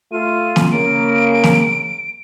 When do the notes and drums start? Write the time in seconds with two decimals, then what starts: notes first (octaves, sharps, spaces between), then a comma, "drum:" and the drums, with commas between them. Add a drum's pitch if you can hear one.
0.12 A3 F4 D#7
0.56 drum: snare
0.71 C#3 A#3 D7
1.44 drum: snare